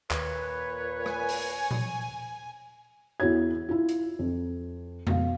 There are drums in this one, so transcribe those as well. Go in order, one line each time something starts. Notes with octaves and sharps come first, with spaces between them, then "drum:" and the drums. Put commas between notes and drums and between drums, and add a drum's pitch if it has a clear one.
D#2 A#2 B4 C#5, drum: clap
G#5, drum: rim click
drum: open hi-hat
drum: tom A#2
E2 E4 F#4 C#5 G#6
E4 F4
drum: hi-hat
F2
B2 F5, drum: tom F2